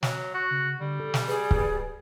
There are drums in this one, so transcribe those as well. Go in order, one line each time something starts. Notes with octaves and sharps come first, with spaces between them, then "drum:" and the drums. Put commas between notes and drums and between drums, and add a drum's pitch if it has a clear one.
F#3, drum: snare
F#4 C#6
C#3
D3 G3
A4
drum: snare
G#4 B4
drum: kick